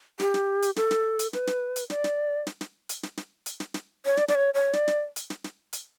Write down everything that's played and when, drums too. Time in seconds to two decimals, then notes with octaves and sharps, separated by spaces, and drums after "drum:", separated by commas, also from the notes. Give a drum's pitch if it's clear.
0.20 G4, drum: snare
0.34 drum: snare
0.62 drum: hi-hat
0.76 A4, drum: snare
0.91 drum: snare
1.19 drum: hi-hat
1.33 B4, drum: snare
1.47 drum: snare
1.76 drum: hi-hat
1.90 D5, drum: snare
2.04 drum: snare
2.47 drum: snare
2.61 drum: snare
2.89 drum: hi-hat
3.03 drum: snare
3.17 drum: snare
3.46 drum: hi-hat
3.60 drum: snare
3.74 drum: snare
4.06 C#5
4.17 D5, drum: snare
4.28 D5, drum: snare
4.35 C#5
4.54 C#5
4.73 D5, drum: snare
4.88 drum: snare
5.16 drum: hi-hat
5.30 drum: snare
5.44 drum: snare
5.73 drum: hi-hat